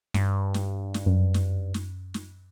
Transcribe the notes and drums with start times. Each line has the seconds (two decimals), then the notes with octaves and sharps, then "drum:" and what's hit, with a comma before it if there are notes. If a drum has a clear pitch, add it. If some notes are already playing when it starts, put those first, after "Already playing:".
0.14 G2, drum: snare
0.54 drum: snare
0.94 drum: snare
1.06 F#2
1.34 drum: snare
1.74 drum: snare
2.14 drum: snare